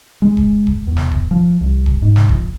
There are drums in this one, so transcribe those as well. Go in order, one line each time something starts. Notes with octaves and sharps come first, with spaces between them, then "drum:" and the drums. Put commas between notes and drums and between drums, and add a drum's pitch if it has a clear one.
G#3
drum: kick
drum: kick
E2
drum: snare
drum: kick
F3
C2
drum: kick
G#2
drum: snare
A#1, drum: kick